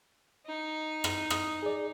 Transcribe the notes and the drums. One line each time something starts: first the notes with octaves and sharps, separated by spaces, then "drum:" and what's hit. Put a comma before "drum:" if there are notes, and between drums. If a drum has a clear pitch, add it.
D#4
drum: rim click
D#6, drum: rim click
G#4 D5